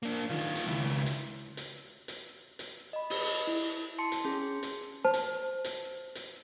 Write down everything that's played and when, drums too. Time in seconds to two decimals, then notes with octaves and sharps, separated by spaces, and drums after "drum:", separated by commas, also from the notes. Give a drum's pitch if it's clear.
0.03 A#3 D4
0.30 D#3 F4
0.55 drum: hi-hat
0.67 C#2 E4
1.06 drum: hi-hat
1.57 drum: hi-hat
2.08 drum: hi-hat
2.59 drum: hi-hat
2.93 D#5 B5
3.10 drum: open hi-hat
3.47 E4
3.99 A5 C6 C#7
4.12 drum: hi-hat
4.25 C#4 G#4
4.63 drum: hi-hat
5.05 C5 A5
5.14 drum: hi-hat
5.64 drum: hi-hat
6.15 drum: hi-hat